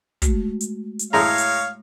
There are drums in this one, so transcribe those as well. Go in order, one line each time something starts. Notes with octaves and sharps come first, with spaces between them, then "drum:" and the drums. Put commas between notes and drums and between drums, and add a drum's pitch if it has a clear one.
G#3 A3 F#4, drum: kick, hi-hat
drum: hi-hat
drum: hi-hat
A2 G#3 C#5 F5 A#5 C6 E6
drum: hi-hat